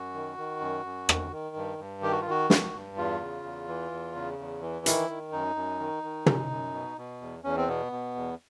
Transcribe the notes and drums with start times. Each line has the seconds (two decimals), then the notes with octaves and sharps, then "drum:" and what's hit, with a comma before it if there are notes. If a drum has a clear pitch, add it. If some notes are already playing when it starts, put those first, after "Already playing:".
Already playing: F#2 F#4
0.14 D#3
0.38 D#3
0.61 F#2
0.85 F#2
1.09 D#3, drum: rim click
1.32 D#3
1.56 G2
1.78 G2
2.02 D#3 G4
2.12 F#4
2.21 F4
2.25 D#3 F#4
2.50 G2, drum: snare
2.74 G2
2.96 E2 F4
3.21 C#3
3.43 E2
3.68 E3
3.91 E2
4.15 C#3
4.39 E2
4.62 E3
4.86 D#3 E4, drum: hi-hat
5.09 D#3
5.32 F#2 D#4
5.56 F#2
5.80 D#3
6.03 D#3
6.26 F#2, drum: tom
6.51 F#2
6.74 B2
6.98 B2
7.21 E2
7.44 E2 C#4
7.57 C4
7.68 B2 B3
7.92 B2
8.16 E2